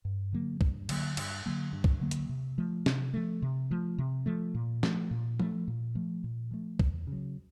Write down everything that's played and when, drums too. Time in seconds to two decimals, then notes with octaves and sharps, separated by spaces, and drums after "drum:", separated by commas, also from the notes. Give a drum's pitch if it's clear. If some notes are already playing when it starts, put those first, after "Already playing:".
0.05 G2
0.33 D3 F#3 A#3
0.61 G2, drum: kick
0.89 D3 F#3 A#3, drum: cymbal
1.17 G2, drum: cymbal
1.46 D3 F#3 A#3
1.73 G2
1.84 drum: kick
2.01 D3 F#3 A#3
2.11 drum: hi-hat
2.29 C3
2.58 F3 A3
2.86 C3, drum: snare
3.14 F3 A3
3.42 C3
3.71 F3 A3
3.98 C3
4.26 F3 A3
4.55 A#2
4.83 F3 A3, drum: snare
5.11 A#2
5.40 F3 A3, drum: tom F3
5.68 A#2
5.95 F3 A3
6.24 A#2
6.51 F3 A3
6.79 E2, drum: kick
7.07 C#3
7.12 F#3